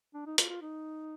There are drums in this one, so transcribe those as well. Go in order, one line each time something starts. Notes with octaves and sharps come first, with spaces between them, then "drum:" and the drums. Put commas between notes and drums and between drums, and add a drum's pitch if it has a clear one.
D4
D#4
F4, drum: hi-hat
F4
D#4